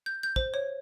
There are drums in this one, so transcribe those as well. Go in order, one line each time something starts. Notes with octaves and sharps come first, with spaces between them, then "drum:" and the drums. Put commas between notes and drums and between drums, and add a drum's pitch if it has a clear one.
G6
G6
C5, drum: kick
C#5